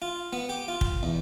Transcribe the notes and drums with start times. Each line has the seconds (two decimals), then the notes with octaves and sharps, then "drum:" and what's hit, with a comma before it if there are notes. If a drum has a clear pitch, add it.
0.02 F4
0.33 B3
0.49 G4
0.68 F4
0.81 drum: kick
1.03 E2